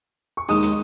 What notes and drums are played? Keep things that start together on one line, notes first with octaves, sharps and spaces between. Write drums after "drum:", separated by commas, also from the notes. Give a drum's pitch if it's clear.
C#6
D#2 D#3 G#3 D#4 D#6, drum: open hi-hat
drum: hi-hat